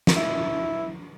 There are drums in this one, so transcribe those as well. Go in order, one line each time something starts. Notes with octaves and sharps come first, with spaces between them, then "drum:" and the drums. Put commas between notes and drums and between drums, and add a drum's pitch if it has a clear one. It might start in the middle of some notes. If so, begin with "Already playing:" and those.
drum: snare
E4